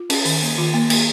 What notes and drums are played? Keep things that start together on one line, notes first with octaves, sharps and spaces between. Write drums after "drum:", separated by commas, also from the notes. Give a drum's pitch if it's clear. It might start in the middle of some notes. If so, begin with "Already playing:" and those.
Already playing: F4
C#4, drum: cymbal
D#3, drum: open hi-hat
A#3
D#3 F4
A#3
A#3, drum: cymbal